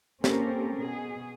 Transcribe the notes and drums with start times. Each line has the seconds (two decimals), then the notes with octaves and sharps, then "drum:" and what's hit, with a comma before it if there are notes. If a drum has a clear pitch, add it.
0.24 A#3 C4 C#4 G4 A4 A#4, drum: snare
0.78 B2 G#4